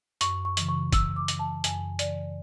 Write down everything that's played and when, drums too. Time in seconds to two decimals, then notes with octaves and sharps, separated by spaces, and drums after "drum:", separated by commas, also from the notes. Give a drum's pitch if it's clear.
0.21 F#2 C#6, drum: hi-hat
0.45 C#6
0.57 C#3 E3, drum: hi-hat
0.69 C#6
0.92 F#2 E6, drum: kick, hi-hat
1.16 D6
1.28 C#3 E3, drum: hi-hat
1.39 A5
1.64 F#2 G#5, drum: hi-hat
1.99 C#3 E3 D5, drum: hi-hat